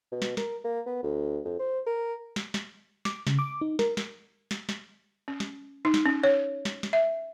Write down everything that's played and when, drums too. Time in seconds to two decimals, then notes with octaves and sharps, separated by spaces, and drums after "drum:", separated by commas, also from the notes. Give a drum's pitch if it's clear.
0.12 B2
0.22 drum: snare
0.37 A#4, drum: snare
0.65 A#3
0.86 B3
1.03 D2
1.45 F2
1.59 C5
1.87 A#4
2.36 drum: snare
2.54 drum: snare
3.05 D6, drum: snare
3.27 C#3, drum: snare
3.39 D6
3.61 D#4
3.79 A#4, drum: snare
3.97 drum: snare
4.51 drum: snare
4.69 drum: snare
5.28 C#4
5.40 drum: snare
5.85 D#4
5.94 drum: snare
6.06 C#4
6.23 C#5
6.65 drum: snare
6.83 drum: snare
6.93 E5